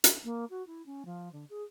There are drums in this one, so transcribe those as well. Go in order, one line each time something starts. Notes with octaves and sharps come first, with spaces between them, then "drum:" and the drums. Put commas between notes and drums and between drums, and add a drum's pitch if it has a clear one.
drum: hi-hat
A#3
F#4
E4
C#4
F3
D3
G#4